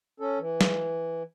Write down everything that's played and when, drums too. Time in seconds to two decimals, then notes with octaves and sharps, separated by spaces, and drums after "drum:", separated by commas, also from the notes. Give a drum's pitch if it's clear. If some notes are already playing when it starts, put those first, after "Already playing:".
0.20 C#4 A4
0.39 E3
0.61 drum: snare